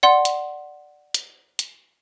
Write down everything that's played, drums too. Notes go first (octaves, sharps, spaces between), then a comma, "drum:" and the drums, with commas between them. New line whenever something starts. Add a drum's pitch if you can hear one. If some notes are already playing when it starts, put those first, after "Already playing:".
D5 F#5 C6
drum: hi-hat
drum: hi-hat
drum: hi-hat